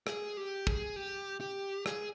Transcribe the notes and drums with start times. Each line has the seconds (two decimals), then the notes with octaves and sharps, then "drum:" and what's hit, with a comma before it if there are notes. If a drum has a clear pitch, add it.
0.07 G#4, drum: rim click
0.37 G4
0.67 G#4, drum: kick
0.96 G4
1.41 G4
1.86 G#4, drum: rim click